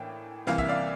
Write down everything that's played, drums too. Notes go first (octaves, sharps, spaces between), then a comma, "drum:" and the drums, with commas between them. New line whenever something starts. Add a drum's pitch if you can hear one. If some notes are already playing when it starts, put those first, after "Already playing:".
Already playing: A2 E3 A#3 D4 G5
C2 C3 E3 A#3 F5, drum: snare
E5, drum: kick
D5 F5